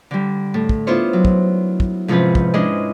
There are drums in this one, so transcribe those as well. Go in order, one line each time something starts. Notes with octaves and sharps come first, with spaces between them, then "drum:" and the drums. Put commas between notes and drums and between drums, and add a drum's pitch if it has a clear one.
D3 G3
A2
drum: kick
B3 D4 E4 F4 C5 C#5
F#3
drum: kick
drum: kick
G#2 C3 F3 C#4 G#4 B4
drum: kick
G#3 C#4 D4 E4 G#4 D#5